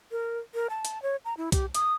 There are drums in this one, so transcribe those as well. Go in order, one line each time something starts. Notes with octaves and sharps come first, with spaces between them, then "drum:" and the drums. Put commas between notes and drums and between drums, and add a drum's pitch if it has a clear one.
A#4
A#4
A5
drum: hi-hat
C#5
A#5
E4
G4, drum: kick B1, hi-hat
D#6, drum: hi-hat